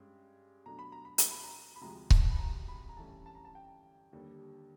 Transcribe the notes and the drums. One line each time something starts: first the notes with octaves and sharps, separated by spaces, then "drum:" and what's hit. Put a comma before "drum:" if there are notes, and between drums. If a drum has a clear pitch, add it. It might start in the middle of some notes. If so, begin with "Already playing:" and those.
Already playing: G2 G#3 C#4
B2 F#3 A3 D4 A#5
B5
A#5
B5
A#5, drum: hi-hat
B5
A#5
B5
D2 C3 F3 G#3 A#5
A5, drum: kick C#1
B5
A#5
B5
A#5
G2 E3 A3 C#4 A5
A5
A#5
A5
G5
D#2 D3 G3